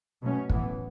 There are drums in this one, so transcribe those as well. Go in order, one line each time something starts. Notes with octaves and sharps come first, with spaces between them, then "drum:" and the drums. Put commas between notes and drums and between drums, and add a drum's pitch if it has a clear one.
B2 F#3 A3 C#4
A2 E3 B3, drum: kick